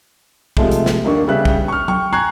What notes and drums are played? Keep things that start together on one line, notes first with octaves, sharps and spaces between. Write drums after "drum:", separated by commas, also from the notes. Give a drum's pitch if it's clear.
C3 F3 G#3 A3, drum: kick
drum: hi-hat
drum: snare
D#1 D#3 A#3 D4 C#6
C#3 G3 B3 G4 E5 F#6
drum: kick
C#6 F6
G5 C#6, drum: tom F#3
G#5 A#5 C#6 F#6 G#6 C7